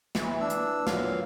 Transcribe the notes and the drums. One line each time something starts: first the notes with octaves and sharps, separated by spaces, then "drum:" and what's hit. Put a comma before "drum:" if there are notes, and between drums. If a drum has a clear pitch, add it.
E3, drum: snare
D4 E6
drum: hi-hat
A#2 F#3 F5, drum: snare